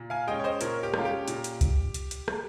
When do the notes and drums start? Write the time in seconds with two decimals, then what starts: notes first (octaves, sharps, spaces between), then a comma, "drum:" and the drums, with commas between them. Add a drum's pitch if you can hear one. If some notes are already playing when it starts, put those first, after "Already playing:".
Already playing: A#2
0.10 F5 G#5
0.27 G#3 C#4 D#5 G5
0.40 C#5
0.44 C5 D#5
0.61 A#2 A#4 C#5, drum: hi-hat
0.83 G4
0.94 G#3 C#4 F4, drum: rim click
1.05 G4
1.28 A#2, drum: hi-hat
1.44 drum: hi-hat
1.61 drum: kick C2, hi-hat
1.94 drum: hi-hat
2.11 drum: hi-hat
2.28 drum: rim click